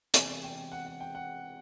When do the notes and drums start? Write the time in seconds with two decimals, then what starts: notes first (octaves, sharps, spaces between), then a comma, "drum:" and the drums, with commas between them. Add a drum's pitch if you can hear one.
0.14 E1 E2 C3 G#5, drum: hi-hat
0.43 G5
0.72 F#5
0.86 F#5
1.00 G5
1.15 F#5